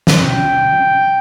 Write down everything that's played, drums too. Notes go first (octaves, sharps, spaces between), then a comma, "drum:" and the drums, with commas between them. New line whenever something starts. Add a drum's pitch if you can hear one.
drum: snare
G5